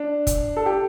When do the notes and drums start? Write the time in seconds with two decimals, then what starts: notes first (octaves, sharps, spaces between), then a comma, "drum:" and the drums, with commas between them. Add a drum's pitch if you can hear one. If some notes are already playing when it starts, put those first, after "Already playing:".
Already playing: D4
0.27 drum: kick, hi-hat
0.57 A4
0.66 G4